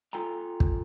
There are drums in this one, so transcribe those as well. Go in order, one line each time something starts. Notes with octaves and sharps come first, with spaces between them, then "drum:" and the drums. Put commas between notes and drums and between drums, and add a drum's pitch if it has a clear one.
F4 A4 G5 G#5 A#5
drum: kick